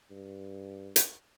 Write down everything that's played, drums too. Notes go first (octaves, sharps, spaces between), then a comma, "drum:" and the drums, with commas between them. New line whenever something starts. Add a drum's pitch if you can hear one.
G2
drum: hi-hat